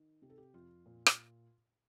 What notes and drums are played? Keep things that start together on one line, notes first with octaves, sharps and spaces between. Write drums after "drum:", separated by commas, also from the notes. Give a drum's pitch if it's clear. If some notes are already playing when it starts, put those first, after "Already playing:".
Already playing: D#3
C3 G4
A4
G4
F2 F4
A#2
drum: rim click